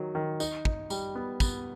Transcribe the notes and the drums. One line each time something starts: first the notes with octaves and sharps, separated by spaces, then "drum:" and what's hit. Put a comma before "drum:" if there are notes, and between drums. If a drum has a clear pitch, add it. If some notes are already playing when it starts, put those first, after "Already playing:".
Already playing: D#3 F#3
D#3
D#4, drum: tambourine
D#4, drum: kick
G3, drum: tambourine
B3
B3, drum: kick, tambourine